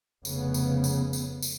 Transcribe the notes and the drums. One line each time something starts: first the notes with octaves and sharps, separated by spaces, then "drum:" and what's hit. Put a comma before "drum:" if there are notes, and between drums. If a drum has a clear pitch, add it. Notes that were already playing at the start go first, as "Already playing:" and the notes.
F1 C#3 B3, drum: tambourine
drum: tambourine
drum: tambourine
drum: tambourine
drum: tambourine